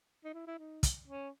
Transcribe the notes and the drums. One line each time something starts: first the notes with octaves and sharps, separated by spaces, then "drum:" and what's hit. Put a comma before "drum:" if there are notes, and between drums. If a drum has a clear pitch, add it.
D#4
E4
E4
D#4
drum: kick, hi-hat
C#4